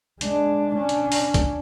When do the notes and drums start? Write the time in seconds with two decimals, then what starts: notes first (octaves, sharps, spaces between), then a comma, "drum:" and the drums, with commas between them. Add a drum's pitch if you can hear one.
0.21 G#3 D4, drum: hi-hat
0.75 C#4 D4
0.89 drum: hi-hat
1.12 drum: open hi-hat
1.34 drum: kick, hi-hat